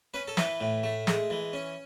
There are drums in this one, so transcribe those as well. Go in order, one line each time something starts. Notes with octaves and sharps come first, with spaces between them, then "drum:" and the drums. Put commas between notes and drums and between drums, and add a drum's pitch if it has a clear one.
C#4 B4
A4
E3 B4, drum: snare
A2
A3
G#3, drum: snare
E3
C#4